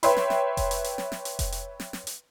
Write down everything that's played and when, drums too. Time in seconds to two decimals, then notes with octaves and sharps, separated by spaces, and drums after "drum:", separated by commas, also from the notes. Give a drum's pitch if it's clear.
0.03 B4 C#5 E5 G5 B5 C6, drum: hi-hat
0.16 drum: snare
0.30 drum: snare
0.57 drum: kick F1, hi-hat
0.71 drum: hi-hat
0.84 drum: hi-hat
0.98 drum: snare
1.12 drum: snare
1.25 drum: hi-hat
1.39 drum: kick F1, hi-hat
1.52 drum: hi-hat
1.80 drum: snare
1.93 drum: snare
2.07 drum: hi-hat